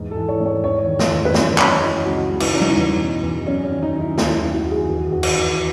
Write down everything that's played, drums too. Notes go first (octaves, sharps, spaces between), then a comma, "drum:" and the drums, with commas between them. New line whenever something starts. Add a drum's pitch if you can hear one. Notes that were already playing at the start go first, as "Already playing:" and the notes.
Already playing: E2 G#2
A4
E3
C#5
G#2
C#5
E2 C#5
D#3
D#5, drum: snare
E2
B4
F#2 C#5, drum: snare
F#2 C#5, drum: clap
E3 D#5
C#2 F#4
C#2
E4, drum: cymbal
D#4
E3 C#4
D#4, drum: tom G3
E2
B2
E2
F#2 C#4
C#4
D#3
D#4
F#2
E4
D#2 D#4, drum: snare
E4
D#3
F#4
D#2
G#4
E2 F#4
E2 F#4
drum: cymbal
E3 E4